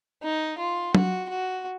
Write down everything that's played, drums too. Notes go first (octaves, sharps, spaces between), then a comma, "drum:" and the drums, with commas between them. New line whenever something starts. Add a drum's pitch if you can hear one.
D#4
F4
F#4, drum: tom
F#4